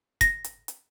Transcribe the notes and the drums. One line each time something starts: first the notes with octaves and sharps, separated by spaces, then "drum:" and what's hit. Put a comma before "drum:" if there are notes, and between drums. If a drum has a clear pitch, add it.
A#6, drum: kick, hi-hat
drum: hi-hat
drum: hi-hat